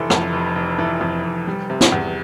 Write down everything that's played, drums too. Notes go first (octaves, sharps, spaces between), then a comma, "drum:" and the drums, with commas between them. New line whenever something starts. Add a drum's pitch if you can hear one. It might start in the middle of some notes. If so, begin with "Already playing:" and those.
Already playing: F1 E3 A4 C5
F2, drum: rim click
F1
F1
E3
F2
F1
G3
C3
drum: snare
E2